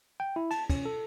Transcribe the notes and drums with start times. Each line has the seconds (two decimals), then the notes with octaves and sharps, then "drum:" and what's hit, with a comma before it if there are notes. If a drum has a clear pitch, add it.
0.20 G5
0.36 E4
0.51 A5, drum: cymbal
0.70 C#4, drum: kick, cymbal
0.85 A4